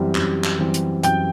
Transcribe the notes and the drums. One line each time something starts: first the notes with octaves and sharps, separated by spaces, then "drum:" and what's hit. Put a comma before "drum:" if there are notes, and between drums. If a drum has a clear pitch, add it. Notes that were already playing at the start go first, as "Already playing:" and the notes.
Already playing: F#2 E3 G3 C4
F#2, drum: clap
drum: clap
E3 G3 C4
drum: hi-hat
F#2 G5 G6, drum: hi-hat